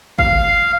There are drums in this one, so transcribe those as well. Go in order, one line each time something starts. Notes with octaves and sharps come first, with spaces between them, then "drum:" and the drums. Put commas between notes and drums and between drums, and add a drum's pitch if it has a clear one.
F5, drum: kick G#1